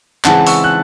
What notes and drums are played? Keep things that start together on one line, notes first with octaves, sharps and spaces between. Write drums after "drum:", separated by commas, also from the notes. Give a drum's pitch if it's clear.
C#3 E3 G#3 C4 F#5 A5, drum: clap
C#6 E6, drum: open hi-hat
F#6